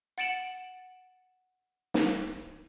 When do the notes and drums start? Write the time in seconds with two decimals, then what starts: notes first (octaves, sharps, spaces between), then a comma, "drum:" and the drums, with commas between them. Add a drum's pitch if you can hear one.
0.18 F#5 A6 C#7 D7 E7 F#7
1.94 drum: snare